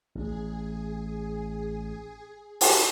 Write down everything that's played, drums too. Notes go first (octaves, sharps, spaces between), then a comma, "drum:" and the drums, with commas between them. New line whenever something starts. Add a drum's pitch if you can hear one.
A1 G#4
drum: open hi-hat